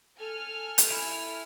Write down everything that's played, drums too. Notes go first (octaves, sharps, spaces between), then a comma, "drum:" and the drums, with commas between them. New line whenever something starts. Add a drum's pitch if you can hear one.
A4 G#5 F6
drum: hi-hat
E5 B5